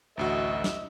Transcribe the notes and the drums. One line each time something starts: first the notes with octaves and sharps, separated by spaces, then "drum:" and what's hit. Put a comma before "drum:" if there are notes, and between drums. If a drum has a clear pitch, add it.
A1 D2 F#4 D#5 E5
drum: snare